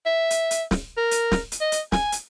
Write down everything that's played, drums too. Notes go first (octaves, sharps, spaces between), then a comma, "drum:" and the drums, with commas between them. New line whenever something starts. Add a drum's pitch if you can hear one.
E5
drum: hi-hat
drum: hi-hat
drum: snare
A#4
drum: hi-hat
drum: snare
drum: hi-hat
D#5
drum: hi-hat
G#5, drum: snare
drum: hi-hat